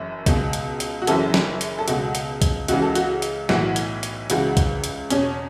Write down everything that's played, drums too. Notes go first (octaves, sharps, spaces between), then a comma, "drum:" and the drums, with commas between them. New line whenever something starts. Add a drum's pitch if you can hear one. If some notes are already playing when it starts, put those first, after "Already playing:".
Already playing: F#1 F#2 E3
C#2 B2, drum: kick B1, hi-hat
drum: hi-hat
drum: hi-hat
F#4
F#1 F#2 C#3 E3 A4, drum: hi-hat
drum: snare
drum: hi-hat
A4
C#2 B2 F#4, drum: hi-hat
drum: hi-hat
drum: kick B1, hi-hat
C#2 C#3 E3 F#4, drum: hi-hat
A4
F#4, drum: hi-hat
drum: hi-hat
B1 A2 E3 F#4, drum: snare
drum: hi-hat
drum: hi-hat
C#2 C#3 E3 F#4, drum: hi-hat
drum: kick B1, hi-hat
drum: hi-hat
E2 B2 C#4, drum: hi-hat